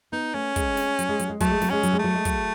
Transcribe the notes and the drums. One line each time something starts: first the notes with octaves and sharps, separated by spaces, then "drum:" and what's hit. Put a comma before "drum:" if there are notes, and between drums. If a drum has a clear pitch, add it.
B3 D#4
A3 C#4
G#3, drum: kick, hi-hat
drum: snare
F#3, drum: hi-hat
G#3
F#3, drum: hi-hat
G#3
F#3 A3, drum: kick, hi-hat
G#3
F#3, drum: snare
G#3 C#4
F#3, drum: hi-hat
G#3
F#3 A3
G#3
F#3, drum: kick, hi-hat